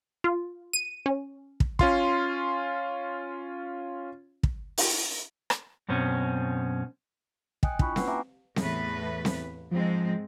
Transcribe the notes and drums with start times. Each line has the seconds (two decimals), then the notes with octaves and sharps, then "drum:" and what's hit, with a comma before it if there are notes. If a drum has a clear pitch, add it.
0.24 F4
0.73 D#7
1.06 C#4
1.60 drum: kick
1.79 C#4 F4 C6, drum: kick
4.43 drum: kick
4.78 drum: open hi-hat
5.50 drum: rim click
5.89 F#2 B2 C4 C#4
7.63 D#5 G5 G#5 D#6 F#6, drum: kick
7.79 D4 E4 F4 B5 C#6 F#6, drum: kick
7.96 A#3 C#4 B4 F#5 E6 C7, drum: snare C4
8.08 E5 G5 G#5 A#5 D6
8.56 E2 A2 B4, drum: snare C4
9.25 drum: snare C4
9.71 G#2 F3 G#3 C4